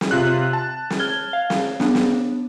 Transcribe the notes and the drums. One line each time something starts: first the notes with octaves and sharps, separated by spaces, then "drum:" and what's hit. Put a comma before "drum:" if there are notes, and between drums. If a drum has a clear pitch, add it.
drum: snare
C3 F4 F#6
A5
drum: snare
F6 G#6 G7
F5
drum: snare
B3 D4, drum: snare
drum: snare